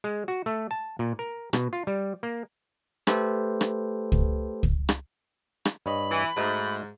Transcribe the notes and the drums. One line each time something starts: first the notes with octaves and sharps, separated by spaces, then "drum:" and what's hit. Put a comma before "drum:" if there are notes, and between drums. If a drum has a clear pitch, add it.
G#3
F#4
A3
A5
A#2
A#4
B2, drum: rim click
F4
G3
A#3
A3 G4 A4 B4 C5, drum: rim click
drum: rim click
drum: kick
drum: kick
drum: rim click
drum: rim click
G2 C#5 D#5 B5
E3
G#2 A3 D#4 F#4